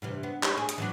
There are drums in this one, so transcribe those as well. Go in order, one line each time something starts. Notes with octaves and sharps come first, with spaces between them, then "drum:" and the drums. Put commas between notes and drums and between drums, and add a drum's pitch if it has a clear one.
G2 C3 E3
B3
G4 C#5, drum: clap
G#4
drum: hi-hat
E3 F#3 D4